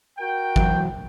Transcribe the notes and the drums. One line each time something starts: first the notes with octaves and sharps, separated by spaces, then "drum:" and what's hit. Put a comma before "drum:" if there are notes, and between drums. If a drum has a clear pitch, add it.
F#4 A#4 G5
E3 F#3, drum: kick G1